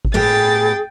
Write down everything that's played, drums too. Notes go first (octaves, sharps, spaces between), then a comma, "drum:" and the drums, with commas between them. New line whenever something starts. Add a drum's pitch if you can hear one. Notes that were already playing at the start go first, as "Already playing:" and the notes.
drum: kick G#1
A2 B3 G4 G#4 G5 A6